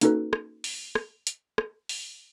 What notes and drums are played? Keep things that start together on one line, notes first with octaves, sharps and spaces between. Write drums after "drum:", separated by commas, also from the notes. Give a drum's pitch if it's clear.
A#3 C#4 D#4 F#4 A4 B4, drum: hi-hat
drum: rim click
drum: open hi-hat
drum: rim click
drum: hi-hat
drum: rim click
drum: open hi-hat